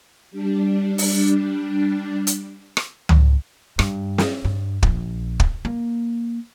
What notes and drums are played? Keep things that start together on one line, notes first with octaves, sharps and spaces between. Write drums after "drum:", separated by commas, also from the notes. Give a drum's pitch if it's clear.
G3 D4
drum: open hi-hat
drum: hi-hat
drum: rim click
drum: tom C#2
G2, drum: rim click
drum: snare
G2
A#1, drum: kick
drum: kick
A#3